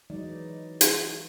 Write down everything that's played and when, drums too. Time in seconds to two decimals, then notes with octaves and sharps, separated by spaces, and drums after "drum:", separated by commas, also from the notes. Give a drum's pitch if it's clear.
0.10 E3 F#3 G#3 D#4 D5
0.81 drum: hi-hat